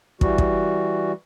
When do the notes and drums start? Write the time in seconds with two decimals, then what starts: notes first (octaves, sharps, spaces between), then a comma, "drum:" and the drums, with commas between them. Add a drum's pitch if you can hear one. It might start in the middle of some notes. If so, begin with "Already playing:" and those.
0.21 E3 G3 F#4, drum: kick
0.38 drum: kick